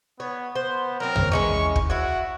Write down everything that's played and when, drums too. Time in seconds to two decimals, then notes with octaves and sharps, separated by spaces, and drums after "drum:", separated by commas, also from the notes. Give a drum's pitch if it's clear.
0.20 B3 C#5
0.56 B3 C5
1.00 F#3 C4 A#4
1.16 drum: tom
1.32 E3 G#3 C#4 C#6
1.76 drum: kick
1.90 E4 F#4 C#5